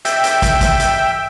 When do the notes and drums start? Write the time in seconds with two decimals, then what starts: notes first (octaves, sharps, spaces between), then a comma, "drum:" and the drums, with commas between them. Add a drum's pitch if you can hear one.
0.05 E5 G5, drum: hi-hat
0.24 drum: hi-hat
0.42 drum: kick, hi-hat
0.61 drum: kick, hi-hat
0.80 drum: hi-hat